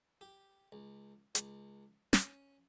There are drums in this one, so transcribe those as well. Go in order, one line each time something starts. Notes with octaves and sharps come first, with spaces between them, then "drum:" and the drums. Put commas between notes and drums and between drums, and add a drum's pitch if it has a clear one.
G4
C#2
C#2, drum: hi-hat
C#4, drum: snare